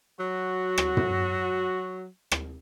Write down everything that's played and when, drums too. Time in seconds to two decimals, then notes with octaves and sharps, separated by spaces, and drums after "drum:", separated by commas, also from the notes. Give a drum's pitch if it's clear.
0.20 F#3 F#4
0.78 drum: rim click
0.97 drum: tom
2.32 drum: rim click